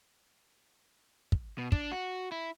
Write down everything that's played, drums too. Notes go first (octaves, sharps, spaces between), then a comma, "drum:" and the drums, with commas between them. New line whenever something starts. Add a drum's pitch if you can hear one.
drum: kick
B2
D4, drum: kick
F#4
E4